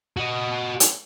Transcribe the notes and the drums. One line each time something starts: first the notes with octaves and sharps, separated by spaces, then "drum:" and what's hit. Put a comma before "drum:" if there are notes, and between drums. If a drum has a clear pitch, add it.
F#4 D#5
drum: hi-hat